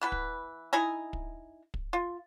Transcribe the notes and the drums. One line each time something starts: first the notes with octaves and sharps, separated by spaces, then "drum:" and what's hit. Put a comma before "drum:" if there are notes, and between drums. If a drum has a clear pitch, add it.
E3 B3 B4
drum: kick
D#4 E4 G#5 A#5
drum: kick
drum: kick
F4